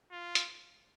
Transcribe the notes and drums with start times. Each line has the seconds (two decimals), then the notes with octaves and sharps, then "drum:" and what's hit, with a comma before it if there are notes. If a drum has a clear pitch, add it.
0.11 F4
0.35 drum: hi-hat